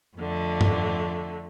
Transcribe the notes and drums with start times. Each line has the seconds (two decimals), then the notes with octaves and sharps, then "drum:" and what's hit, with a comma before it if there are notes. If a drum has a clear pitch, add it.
0.18 F2 D3 A3
0.61 drum: tom G2